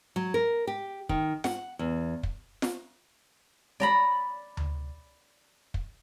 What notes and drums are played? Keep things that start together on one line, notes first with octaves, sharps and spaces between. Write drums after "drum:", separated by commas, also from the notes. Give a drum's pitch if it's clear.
F#3
A#4
G4
D#3, drum: kick
F#5, drum: snare F4
E2
drum: kick
drum: snare F4
D5 A#5 B5
drum: tom D2
drum: kick